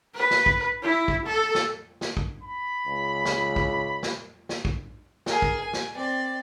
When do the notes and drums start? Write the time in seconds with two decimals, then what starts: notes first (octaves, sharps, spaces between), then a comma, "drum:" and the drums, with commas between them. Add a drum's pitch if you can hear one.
0.15 B4
0.31 drum: snare
0.46 drum: kick
0.83 E4
1.08 drum: kick
1.26 A4
1.55 drum: snare
2.01 drum: snare
2.17 drum: kick
2.42 B5
2.87 C#2
3.25 drum: snare
3.56 drum: kick
4.03 drum: snare
4.49 drum: snare
4.65 drum: kick
5.26 G#4 A#4, drum: snare
5.42 drum: kick
5.60 G#5
5.73 drum: snare
5.96 C4 D5